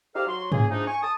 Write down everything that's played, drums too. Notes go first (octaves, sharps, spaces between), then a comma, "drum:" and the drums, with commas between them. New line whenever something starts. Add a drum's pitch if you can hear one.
D#4 G4 A4 C5 D5 F5
F#3 F#4 C6
C#2 A#3 G#4, drum: tom G#2
F3 G#3 A3 D4 D#4
G#5 C#6
A5 D#6